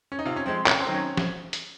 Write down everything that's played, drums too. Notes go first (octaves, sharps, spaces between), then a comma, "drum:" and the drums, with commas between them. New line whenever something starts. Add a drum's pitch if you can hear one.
C#4
D#4
C3 F4
C#4
F3 G#3 C4
C3 C#4, drum: clap
C4
D#3 F#3
C#4
drum: snare
drum: hi-hat